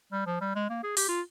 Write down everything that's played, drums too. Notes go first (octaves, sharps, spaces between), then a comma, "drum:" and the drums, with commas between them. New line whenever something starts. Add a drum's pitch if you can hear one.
G3
F3
G3
G#3
A#3
G#4
G4, drum: open hi-hat
F4